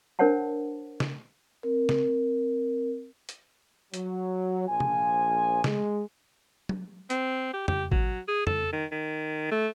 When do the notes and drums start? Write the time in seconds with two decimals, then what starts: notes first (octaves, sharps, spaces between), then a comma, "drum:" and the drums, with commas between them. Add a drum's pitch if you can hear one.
0.19 D4 A#4 C5 C#5 F#5 A5
1.00 drum: snare C#3
1.63 C4 A#4
1.89 drum: snare C#3
3.29 drum: hi-hat
3.94 F#3, drum: hi-hat
4.68 A#1 F3 G#5
4.80 drum: tom C3
5.64 G#3, drum: snare C#3
6.69 drum: tom F#3
7.10 C4, drum: hi-hat
7.54 G4
7.68 G4, drum: tom
7.92 F#3, drum: kick A1
8.28 G#4
8.47 A4, drum: tom
8.73 D#3
8.92 D#3
9.51 A3